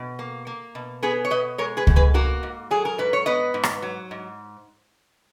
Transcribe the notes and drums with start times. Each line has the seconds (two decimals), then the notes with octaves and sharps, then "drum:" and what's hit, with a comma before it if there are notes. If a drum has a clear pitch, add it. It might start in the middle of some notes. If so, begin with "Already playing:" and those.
Already playing: B2
0.19 A#3
0.47 A#3
0.75 B2
1.03 B3 G#4 B4
1.25 C#5
1.30 B2 B4 D#5
1.58 G#3 A#4 C#5
1.77 G#4 B4
1.87 B2, drum: kick C#2
1.96 G#4 B4
2.14 A#3 F#4 A#4
2.43 G#2
2.71 F#3 G#4
2.85 A#4
2.98 G#2 B4
3.13 C#5
3.26 B3 B4 D#5
3.54 G#2
3.63 drum: rim click
3.82 F#3
4.11 G#2